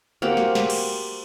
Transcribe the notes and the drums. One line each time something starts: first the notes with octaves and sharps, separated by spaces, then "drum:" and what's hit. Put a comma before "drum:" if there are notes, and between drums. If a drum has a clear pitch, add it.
A#3 C4 F#4 G4
drum: snare
drum: snare
drum: cymbal